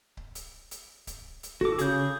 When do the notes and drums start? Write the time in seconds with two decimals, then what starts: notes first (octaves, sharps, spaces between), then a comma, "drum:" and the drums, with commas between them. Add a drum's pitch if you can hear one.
0.17 drum: kick C#1
0.35 drum: hi-hat
0.71 drum: hi-hat
1.07 drum: kick C#1, hi-hat
1.43 drum: hi-hat
1.61 F#4 A4 D6, drum: kick C#1
1.79 C#3 G#4 G6, drum: hi-hat